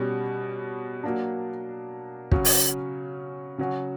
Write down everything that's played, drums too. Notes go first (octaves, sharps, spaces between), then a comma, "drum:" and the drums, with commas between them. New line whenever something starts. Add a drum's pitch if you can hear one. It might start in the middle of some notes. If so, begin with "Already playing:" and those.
Already playing: B2 G3 C#4
F#3 A#3 D4
C#3 F#3 C#4, drum: kick
drum: open hi-hat
C#3 F#3 C#4 F#4